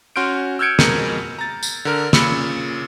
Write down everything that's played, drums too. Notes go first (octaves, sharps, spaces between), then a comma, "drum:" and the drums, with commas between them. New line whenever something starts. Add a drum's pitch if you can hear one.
C#4 F#4 C6 F6 G6 D7
E6 F6 G6 G#6 C#7 D7
F2 B2 G#3 A#4 C#7 D#7, drum: snare
A#5 A6
drum: tambourine
D3 A#4 F6
A#2 C#3 B5 E6 C#7, drum: snare